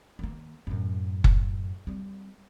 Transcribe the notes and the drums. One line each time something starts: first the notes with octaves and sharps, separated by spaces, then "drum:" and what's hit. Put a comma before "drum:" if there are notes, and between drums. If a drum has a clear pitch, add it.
D#3 A#3
F#2 A2
drum: kick F#1
G3 C4